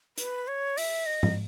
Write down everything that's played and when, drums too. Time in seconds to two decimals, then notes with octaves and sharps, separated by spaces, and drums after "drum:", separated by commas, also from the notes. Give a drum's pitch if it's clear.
0.18 B4, drum: hi-hat
0.48 C#5
0.77 E5, drum: open hi-hat
1.06 D#5
1.23 drum: tom G#2